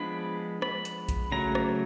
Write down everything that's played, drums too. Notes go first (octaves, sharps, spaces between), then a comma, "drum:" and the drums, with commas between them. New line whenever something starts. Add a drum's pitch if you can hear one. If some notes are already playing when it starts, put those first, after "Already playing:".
Already playing: F3 G#3 B3 D4 B5
B5, drum: rim click
drum: hi-hat
drum: kick A#1, hi-hat
C#3 F#3 A3 A#5
drum: rim click